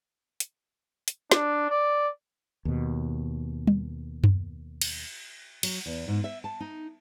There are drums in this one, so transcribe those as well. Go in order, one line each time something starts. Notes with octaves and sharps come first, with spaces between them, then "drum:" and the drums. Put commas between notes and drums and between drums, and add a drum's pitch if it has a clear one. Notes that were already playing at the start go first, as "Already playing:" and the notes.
drum: hi-hat
drum: hi-hat
D4, drum: snare
D5
D#2 B2
drum: tom G3
drum: tom F#2
drum: cymbal
F#3, drum: cymbal
E2
G#2
E5
A5
D#4